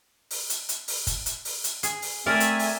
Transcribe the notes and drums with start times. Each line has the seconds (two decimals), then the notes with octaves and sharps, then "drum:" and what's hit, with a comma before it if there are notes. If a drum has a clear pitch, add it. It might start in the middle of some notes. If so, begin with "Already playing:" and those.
0.31 drum: open hi-hat
0.50 drum: hi-hat
0.69 drum: hi-hat
0.88 drum: open hi-hat
1.07 drum: kick, hi-hat
1.26 drum: hi-hat
1.45 drum: open hi-hat
1.64 drum: hi-hat
1.83 G#4, drum: hi-hat
2.02 drum: open hi-hat
2.26 A3 C4 A#4 D5 E5 G#5
2.40 drum: hi-hat
2.59 drum: open hi-hat